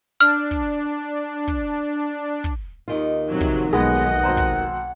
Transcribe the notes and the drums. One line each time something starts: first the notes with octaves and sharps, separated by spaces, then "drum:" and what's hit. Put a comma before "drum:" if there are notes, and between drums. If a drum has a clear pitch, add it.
D4 F6
drum: kick
drum: kick
drum: kick
D#2 D#3 F4
C3 F3 F#3
drum: kick
B1 G#3 B3 D#5 F#5
G#1 C5 A#5
drum: kick